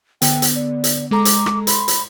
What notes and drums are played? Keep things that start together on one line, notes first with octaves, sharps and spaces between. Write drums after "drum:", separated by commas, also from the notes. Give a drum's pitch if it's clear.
D3 B3 G5, drum: hi-hat
drum: hi-hat
D5
drum: hi-hat
G#3 A4 A#5 D6
drum: hi-hat
drum: rim click
B5 C6, drum: hi-hat
drum: hi-hat